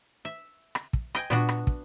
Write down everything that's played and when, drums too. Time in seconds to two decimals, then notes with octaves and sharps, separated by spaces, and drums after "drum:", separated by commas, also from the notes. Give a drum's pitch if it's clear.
0.25 E5
0.75 drum: rim click
0.93 drum: kick
1.15 D#5 G5 G#5, drum: rim click
1.30 A#2 B3 D4 F#4
1.49 drum: rim click
1.67 drum: kick